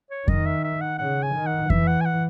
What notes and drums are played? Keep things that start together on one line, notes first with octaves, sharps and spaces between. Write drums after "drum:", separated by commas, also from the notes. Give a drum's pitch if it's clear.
C#5
D#3 D#5, drum: kick F2
E5
E5
F#5
C#3 F#5
G#5
D#3
F#5
E3 E5, drum: kick F2
F#5
G#5
F#5